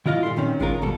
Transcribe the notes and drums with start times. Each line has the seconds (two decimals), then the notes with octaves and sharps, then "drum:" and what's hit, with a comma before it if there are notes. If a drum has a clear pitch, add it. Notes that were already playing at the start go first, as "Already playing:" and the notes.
0.06 D#3 E4 F4 D#5 F5
0.23 A#2 G3 F4 A4 C6
0.36 A#2 D#3 C4 C#4
0.60 D#3 G#3 C#4 F4 A#4, drum: kick G#1
0.82 D#2 B2 G3 A4